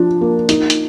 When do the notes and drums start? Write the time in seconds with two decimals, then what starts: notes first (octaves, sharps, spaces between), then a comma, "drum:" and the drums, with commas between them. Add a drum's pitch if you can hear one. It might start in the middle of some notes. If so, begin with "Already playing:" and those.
Already playing: F3 D4
0.21 A#3
0.49 D#4, drum: hi-hat
0.70 drum: hi-hat